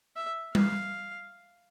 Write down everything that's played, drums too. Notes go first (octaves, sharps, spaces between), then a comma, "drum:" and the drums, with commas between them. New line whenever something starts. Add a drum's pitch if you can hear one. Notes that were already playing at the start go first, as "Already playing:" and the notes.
E5
F5, drum: tom G3